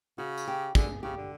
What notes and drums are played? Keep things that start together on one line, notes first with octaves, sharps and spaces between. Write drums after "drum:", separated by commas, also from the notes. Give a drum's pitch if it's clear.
C#3 F#4
drum: tambourine
G4
D3 G#4, drum: kick, tambourine
C#3 G4
D3